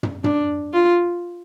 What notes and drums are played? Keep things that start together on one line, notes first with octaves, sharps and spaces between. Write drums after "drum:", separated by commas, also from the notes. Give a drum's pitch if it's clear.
drum: tom
D4, drum: tom
F4